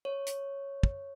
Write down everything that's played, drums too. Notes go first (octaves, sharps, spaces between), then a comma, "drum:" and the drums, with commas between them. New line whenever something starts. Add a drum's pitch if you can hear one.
C#5
drum: hi-hat
drum: kick